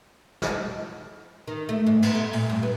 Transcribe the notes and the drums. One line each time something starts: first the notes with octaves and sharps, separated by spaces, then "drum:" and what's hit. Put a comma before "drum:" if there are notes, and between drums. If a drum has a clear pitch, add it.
drum: snare
D#3
A3
G#2
B3, drum: cymbal
A3
A#2, drum: open hi-hat
G2
B3